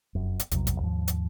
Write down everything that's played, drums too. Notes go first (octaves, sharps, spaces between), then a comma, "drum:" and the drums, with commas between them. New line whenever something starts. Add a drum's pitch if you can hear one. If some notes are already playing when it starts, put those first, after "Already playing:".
F1 F#2
drum: hi-hat
A#1 E2 C3 F#3, drum: hi-hat
drum: kick, hi-hat
D#2 G#2 F3
drum: hi-hat